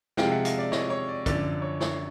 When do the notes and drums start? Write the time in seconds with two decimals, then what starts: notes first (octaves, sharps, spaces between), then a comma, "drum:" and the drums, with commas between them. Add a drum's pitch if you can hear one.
0.17 C3 F3 G#3 F5 G5, drum: snare
0.31 E5 F#5
0.45 D#5 F5, drum: hi-hat
0.58 D5 E5
0.72 C#5 D#5, drum: snare
0.90 C#5
1.08 D5
1.26 F#2 D3 F3 D5, drum: kick, hi-hat
1.62 C#5
1.80 C#5, drum: snare